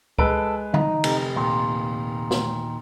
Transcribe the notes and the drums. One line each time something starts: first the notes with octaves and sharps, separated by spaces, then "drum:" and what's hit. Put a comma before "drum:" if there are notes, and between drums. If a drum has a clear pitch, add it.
G#3 A4 B4 D7, drum: kick C#2
D#4, drum: tom D3
F1, drum: cymbal
D#2 A#2
drum: snare